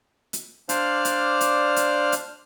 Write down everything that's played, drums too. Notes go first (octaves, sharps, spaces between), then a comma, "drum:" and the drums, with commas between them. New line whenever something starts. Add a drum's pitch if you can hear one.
drum: hi-hat
D4 C5 D5 F5 F6, drum: hi-hat
drum: hi-hat
drum: hi-hat
drum: hi-hat
drum: hi-hat